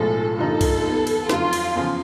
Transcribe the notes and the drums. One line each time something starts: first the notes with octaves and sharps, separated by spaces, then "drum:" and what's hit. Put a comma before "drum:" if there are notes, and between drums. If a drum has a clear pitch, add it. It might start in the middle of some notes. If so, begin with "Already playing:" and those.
Already playing: B1 A2 F3 G#3 A4
G2 D3 F3 A#3 D#4 A4
drum: kick, cymbal
D#3 G3 B3
drum: cymbal
F2 D3 F#3 F4, drum: snare
drum: cymbal
E2 C#3 F3